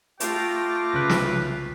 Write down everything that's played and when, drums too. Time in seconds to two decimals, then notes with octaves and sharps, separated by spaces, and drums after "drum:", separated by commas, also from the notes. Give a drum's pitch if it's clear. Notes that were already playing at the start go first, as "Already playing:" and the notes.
0.20 A3 F4 G5 D6 A#6, drum: hi-hat
0.93 C2 C#3 B4 F#6
1.10 drum: snare